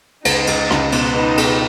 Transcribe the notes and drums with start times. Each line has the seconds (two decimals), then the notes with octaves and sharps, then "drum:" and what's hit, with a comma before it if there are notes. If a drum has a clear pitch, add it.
0.25 C#2 D#4, drum: cymbal
0.47 C#2, drum: cymbal
0.70 C#2, drum: rim click
0.92 B2, drum: cymbal
1.15 B3 D#4
1.37 B2, drum: cymbal